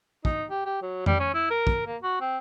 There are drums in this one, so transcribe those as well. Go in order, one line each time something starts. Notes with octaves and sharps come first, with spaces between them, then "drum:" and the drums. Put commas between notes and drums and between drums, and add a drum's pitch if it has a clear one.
D#4, drum: kick
G4
G4
F#3
G3, drum: tom F2
C#4
E4
A#4
drum: kick
A#3
F#4
C4